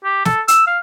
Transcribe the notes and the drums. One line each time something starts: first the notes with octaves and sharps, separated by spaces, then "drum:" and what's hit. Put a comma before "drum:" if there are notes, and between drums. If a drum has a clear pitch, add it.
G4
A4, drum: snare
E6, drum: hi-hat
F5